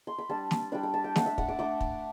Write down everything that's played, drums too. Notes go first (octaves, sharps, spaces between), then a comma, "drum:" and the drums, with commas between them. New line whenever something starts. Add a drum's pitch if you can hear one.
C6
B5
G3 D4 A5
drum: snare
G3 D4 B5
B5
A5
G5
A3 D4 F#5, drum: snare
E5
F#5, drum: kick
D6
A3 D4 D6
drum: kick